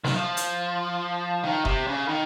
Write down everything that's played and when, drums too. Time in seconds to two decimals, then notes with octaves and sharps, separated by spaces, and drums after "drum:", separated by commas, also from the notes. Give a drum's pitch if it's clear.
0.04 D#3, drum: snare
0.16 F3
0.37 drum: hi-hat
1.44 D#3
1.65 C3, drum: kick F1
1.88 C#3
2.08 D#3